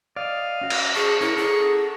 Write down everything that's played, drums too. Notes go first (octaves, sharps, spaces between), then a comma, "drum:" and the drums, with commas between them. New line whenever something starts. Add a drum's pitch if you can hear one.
D5 D#5 F5
C#4 F#4
drum: cymbal
G#4 C5 A5 C#6
C#4 E4 A#4
G#4 A4 F#5 A#5